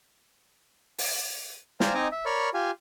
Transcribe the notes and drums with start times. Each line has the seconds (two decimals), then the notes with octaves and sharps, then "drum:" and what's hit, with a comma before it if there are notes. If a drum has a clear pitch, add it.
0.98 drum: open hi-hat
1.80 C5 D5 F5 G5 G#5 A#5, drum: snare
1.94 C4 D#4 D#5 G#5 A#5 D6
2.12 E5
2.26 A#4 C#5 D5 B5 C#6 F6
2.54 F4 G4 F5 G#5